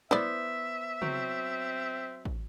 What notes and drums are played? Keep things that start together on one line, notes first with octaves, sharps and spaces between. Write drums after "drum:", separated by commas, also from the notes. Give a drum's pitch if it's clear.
B3 E4 C5 D5 E5, drum: snare
F#3 C4, drum: tom
drum: kick A1